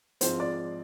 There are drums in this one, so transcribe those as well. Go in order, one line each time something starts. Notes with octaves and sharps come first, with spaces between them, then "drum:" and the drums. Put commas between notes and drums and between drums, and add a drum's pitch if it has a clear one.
G#2 F3 G#3 C4 F4 C5, drum: hi-hat
D5